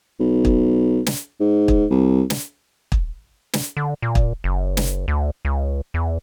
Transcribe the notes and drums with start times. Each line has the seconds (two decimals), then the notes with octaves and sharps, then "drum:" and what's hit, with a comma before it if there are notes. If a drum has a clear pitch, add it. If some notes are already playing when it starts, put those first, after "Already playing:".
0.20 B1
0.45 drum: kick
1.06 drum: snare
1.40 G#2
1.68 drum: kick
1.90 C2
2.30 drum: snare
2.92 drum: kick
3.53 drum: snare
3.77 D3
4.02 A#2
4.15 drum: kick
4.44 F#1
4.77 drum: snare
5.08 D2
5.45 C#2
5.94 E2